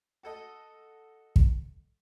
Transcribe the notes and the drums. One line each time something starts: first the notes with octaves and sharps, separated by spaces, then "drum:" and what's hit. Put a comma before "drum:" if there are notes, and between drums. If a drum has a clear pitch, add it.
F#4 A4 D#5
drum: kick